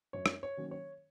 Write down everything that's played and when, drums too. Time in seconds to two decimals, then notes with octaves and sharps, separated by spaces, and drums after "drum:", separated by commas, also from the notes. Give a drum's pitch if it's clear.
0.13 F#2 C#5
0.26 drum: rim click
0.43 C#5
0.57 D#3 F#3 A#3 C#4
0.71 C#5